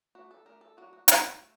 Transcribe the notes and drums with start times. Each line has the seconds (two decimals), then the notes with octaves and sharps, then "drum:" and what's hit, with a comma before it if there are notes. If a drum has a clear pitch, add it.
0.15 A3 D4 F#4
0.31 A4
0.46 A3 D4 A#4
0.61 A4
0.77 F#3 A#3 D4 F#4
0.93 F#4
1.08 F#3 A#3 D4 F#4, drum: hi-hat
1.40 A3